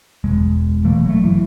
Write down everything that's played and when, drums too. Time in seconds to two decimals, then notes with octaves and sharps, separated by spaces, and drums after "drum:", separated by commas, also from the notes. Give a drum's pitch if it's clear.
0.24 E1 G#3, drum: kick F#1
0.68 drum: kick F#1
0.84 B2 E3 A3 A#3
1.06 F#3 A3
1.23 G1 E3